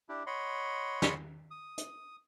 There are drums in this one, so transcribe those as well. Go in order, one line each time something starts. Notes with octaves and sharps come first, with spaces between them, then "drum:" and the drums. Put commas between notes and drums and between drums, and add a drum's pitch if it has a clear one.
D4 E4 G4
C#5 D#5 F#5 B5 C6
drum: snare
D#6
drum: hi-hat